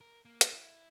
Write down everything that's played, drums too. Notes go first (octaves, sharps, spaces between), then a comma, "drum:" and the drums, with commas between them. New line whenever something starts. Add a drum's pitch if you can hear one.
A#4
A#3
drum: hi-hat
E4